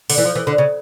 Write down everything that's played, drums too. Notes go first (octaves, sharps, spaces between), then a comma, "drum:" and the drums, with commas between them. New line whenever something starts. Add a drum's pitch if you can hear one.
D3, drum: open hi-hat
E3
F3
E3
D3
C#3